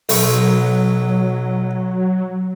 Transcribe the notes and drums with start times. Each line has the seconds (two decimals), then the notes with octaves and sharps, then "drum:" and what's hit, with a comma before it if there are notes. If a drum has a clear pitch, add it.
0.09 B1 F#3 C#6, drum: open hi-hat